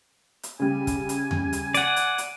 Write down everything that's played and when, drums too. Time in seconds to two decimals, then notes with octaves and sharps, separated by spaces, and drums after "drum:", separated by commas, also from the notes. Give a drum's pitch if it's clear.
0.43 drum: hi-hat
0.60 C#3 G3 G#5
0.87 drum: kick, hi-hat
1.09 drum: hi-hat
1.31 drum: tom E2
1.53 drum: hi-hat
1.74 D5 F#5 D7 D#7, drum: hi-hat
1.96 drum: hi-hat
2.18 drum: hi-hat